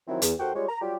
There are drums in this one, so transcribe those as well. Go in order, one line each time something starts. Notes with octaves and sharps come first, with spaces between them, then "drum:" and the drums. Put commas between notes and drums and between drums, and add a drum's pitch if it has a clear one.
D#3 F3 F#3 C4 E4
E2, drum: hi-hat
D#2 F#4 A4 C5 F#5 G5
G3 G#3 F4 C#5
A#5
F#3 G3 F4 G4